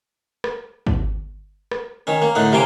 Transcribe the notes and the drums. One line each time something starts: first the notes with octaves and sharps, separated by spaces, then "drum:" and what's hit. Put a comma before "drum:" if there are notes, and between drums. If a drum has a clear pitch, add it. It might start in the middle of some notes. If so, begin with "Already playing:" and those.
drum: rim click
drum: kick
drum: rim click
D#3 C#4
A#3
A2 D3 D#4 F#5
C3 G3 A#3 C#4 C6 D6